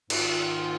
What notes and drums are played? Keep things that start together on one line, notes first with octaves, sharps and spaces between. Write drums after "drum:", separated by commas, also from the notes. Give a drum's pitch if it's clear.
G#2 D#3 A#3 F4, drum: cymbal